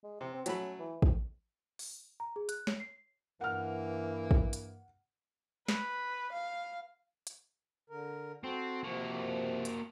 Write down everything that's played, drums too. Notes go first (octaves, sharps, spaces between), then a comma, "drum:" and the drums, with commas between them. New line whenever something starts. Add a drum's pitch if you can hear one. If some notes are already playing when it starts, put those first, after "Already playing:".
G#3
C3 C4
C4
F#3 A3 C#4 B5, drum: hi-hat
E3
drum: kick
drum: open hi-hat
A#5
G#4
F#6, drum: hi-hat
C#5, drum: snare
C7
G2 E3 A#3 F#5 F6
drum: kick
drum: hi-hat
B4, drum: snare
F5
drum: hi-hat
D3 A#4
C4 F#4 A4
C3 F3 A#3 F#4
drum: hi-hat